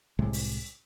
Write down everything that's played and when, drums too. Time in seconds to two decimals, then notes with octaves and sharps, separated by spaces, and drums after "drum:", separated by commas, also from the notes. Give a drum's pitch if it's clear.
0.19 C2 A2 C3 G#3
0.33 drum: open hi-hat